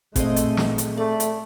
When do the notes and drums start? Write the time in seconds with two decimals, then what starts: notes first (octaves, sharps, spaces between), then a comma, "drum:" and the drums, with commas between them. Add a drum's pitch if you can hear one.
0.16 A#2 G#3 A3 C4 G#4 D#5, drum: kick, hi-hat
0.36 drum: hi-hat
0.57 drum: snare
0.78 drum: hi-hat
0.97 A3 D5
1.20 drum: hi-hat